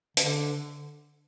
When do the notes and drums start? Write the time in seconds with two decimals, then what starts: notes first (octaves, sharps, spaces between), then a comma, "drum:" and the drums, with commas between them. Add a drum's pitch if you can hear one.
0.17 D3, drum: hi-hat